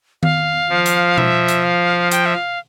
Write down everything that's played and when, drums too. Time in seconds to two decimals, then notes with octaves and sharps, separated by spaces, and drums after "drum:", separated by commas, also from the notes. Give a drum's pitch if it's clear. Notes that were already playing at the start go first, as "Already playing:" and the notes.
0.23 F5, drum: tom D#3
0.70 F3
0.86 drum: hi-hat
1.18 E5, drum: tom B2
1.48 drum: hi-hat
1.64 F5
2.11 G5, drum: hi-hat
2.26 E5
2.34 F5